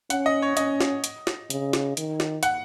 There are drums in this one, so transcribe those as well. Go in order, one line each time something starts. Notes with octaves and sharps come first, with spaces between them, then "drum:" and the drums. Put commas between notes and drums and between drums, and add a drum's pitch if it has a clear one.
C#4 F#5, drum: hi-hat
D#5
C#5
C#4 D#5, drum: hi-hat
drum: snare
drum: hi-hat
drum: snare
C#3, drum: hi-hat
drum: snare
D#3, drum: hi-hat
drum: snare
F#5, drum: hi-hat